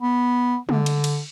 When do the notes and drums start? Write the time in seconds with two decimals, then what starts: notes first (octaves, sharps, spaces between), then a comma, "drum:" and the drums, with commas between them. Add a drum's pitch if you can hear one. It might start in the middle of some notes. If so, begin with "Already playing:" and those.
0.01 B3
0.69 D3, drum: tom
0.86 drum: cymbal
1.04 drum: cymbal